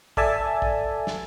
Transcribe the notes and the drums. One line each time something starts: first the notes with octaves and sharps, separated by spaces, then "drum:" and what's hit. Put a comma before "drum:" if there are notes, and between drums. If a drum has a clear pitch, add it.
A4 D5 E5 G#5 A5, drum: kick
drum: kick
drum: snare